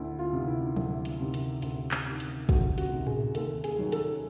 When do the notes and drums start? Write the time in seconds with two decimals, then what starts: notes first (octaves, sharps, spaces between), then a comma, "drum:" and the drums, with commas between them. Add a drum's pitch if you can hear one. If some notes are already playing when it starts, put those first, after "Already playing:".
Already playing: D2 E4
0.19 F4
0.33 C3 D#3
0.47 E4
0.76 D2, drum: tom F3
1.05 drum: hi-hat
1.20 C3 D#3
1.34 drum: hi-hat
1.62 D2, drum: hi-hat
1.91 drum: clap
2.06 C3 D#3
2.20 drum: hi-hat
2.49 D2 F#4, drum: kick, hi-hat
2.78 F#4, drum: hi-hat
2.92 C3 D#3
3.07 G#4, drum: tom A2
3.35 D#2 A4, drum: hi-hat
3.64 G#4, drum: hi-hat
3.78 D#3 F#3
3.92 A4, drum: hi-hat